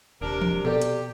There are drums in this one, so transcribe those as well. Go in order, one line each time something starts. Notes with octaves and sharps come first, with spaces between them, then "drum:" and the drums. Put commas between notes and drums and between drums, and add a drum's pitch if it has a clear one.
D#1 C3 D4 A#4
drum: tom E3
B2 G4 A4 D5
drum: hi-hat